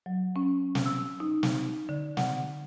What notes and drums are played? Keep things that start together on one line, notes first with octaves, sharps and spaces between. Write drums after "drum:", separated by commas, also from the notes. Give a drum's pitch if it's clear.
F#3
C#4
drum: snare
E6
D#4
drum: snare
D3
F#5, drum: snare